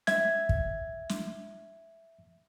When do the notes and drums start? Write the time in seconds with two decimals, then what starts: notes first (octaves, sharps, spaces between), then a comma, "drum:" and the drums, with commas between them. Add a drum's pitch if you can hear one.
0.07 E5 G#6, drum: snare
0.49 drum: kick
1.09 drum: snare